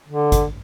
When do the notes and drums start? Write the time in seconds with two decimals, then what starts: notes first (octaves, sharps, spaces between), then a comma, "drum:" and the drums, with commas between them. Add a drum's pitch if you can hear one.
0.08 D3
0.32 drum: kick G#1, hi-hat